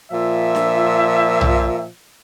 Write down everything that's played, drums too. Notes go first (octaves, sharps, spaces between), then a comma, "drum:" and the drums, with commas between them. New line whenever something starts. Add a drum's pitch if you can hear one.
A#2 F3 E5
drum: snare D4
drum: tom B1